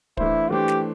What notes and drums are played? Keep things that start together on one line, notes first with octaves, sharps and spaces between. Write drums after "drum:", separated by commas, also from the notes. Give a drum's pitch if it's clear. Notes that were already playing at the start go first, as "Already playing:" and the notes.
E3 A3 D4 E4 C5, drum: kick
E3 A3 D4 G4 C5
drum: snare